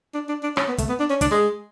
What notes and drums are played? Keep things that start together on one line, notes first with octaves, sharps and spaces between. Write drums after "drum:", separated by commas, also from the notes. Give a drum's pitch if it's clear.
D4
D4
D4
C#4, drum: rim click
B3
A3, drum: kick, hi-hat
B3
D4
C#4
D4, drum: kick, hi-hat
G#3